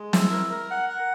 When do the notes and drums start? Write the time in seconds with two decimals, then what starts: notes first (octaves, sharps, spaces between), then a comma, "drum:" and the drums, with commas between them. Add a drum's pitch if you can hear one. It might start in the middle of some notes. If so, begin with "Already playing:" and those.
Already playing: G#3
0.13 E4, drum: snare
0.32 A#4
0.51 A#4
0.71 F#5
0.89 F#5